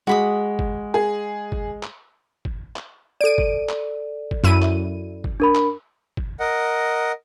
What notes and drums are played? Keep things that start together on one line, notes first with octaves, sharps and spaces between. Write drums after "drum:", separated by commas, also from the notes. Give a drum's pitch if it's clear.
G#3 F#4 B5 D#6
drum: kick
G#4
drum: kick
drum: clap
drum: kick
drum: clap
A4 D5 D7 D#7
drum: kick
drum: clap
drum: kick
F#2 E4 D#7
drum: clap
drum: kick
D4 A#4 B5
drum: clap
drum: kick
A#4 D#5 F#5